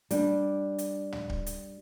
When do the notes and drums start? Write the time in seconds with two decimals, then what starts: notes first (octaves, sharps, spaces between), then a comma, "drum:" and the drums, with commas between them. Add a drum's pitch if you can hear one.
0.11 G3 D4, drum: hi-hat
0.79 drum: hi-hat
1.12 drum: tom
1.29 drum: kick D1
1.46 drum: hi-hat